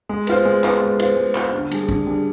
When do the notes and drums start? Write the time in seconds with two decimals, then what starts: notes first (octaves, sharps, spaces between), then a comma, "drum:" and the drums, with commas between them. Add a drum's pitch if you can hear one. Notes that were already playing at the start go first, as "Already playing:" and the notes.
0.09 G#3
0.27 B3 F4 C5, drum: cymbal
0.45 G#3
0.64 B3 F4 C5, drum: clap
0.81 G#3
0.99 B3 F4 C5, drum: cymbal
1.17 G#3
1.35 B3 F4 C5, drum: clap
1.52 D3
1.71 G3 D4 G#4, drum: cymbal
1.89 D3, drum: kick
2.07 G3 D4 G#4